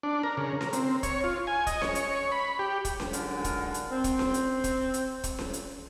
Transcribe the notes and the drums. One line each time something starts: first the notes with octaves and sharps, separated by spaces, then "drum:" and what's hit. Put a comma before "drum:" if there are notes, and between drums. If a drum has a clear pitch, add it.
D4
A#4
C#3
A#4, drum: snare C#4
C4, drum: hi-hat
C#5, drum: kick, hi-hat
F4
G#5
D#5, drum: kick, hi-hat
C#5, drum: snare C#4
drum: hi-hat
B5
G4
drum: kick, hi-hat
drum: snare C#4
G#2 D3 F#3 F4 A#4 F#5, drum: hi-hat
drum: kick, hi-hat
drum: hi-hat
C4
drum: kick, hi-hat
drum: snare C#4
drum: hi-hat
drum: kick, hi-hat
drum: hi-hat
drum: kick, hi-hat
drum: snare C#4
drum: hi-hat